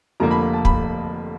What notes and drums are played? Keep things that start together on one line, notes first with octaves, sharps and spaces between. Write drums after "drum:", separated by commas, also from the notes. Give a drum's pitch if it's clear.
F1 F2 D3 F3 A#3 A#5
B5
A5
B5, drum: kick